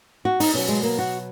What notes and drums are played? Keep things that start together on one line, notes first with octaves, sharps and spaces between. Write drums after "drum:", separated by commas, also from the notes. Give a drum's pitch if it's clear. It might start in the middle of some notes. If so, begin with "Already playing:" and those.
F#4
D#4, drum: open hi-hat
B2 F#3 C#4
G#3
A#3
F#4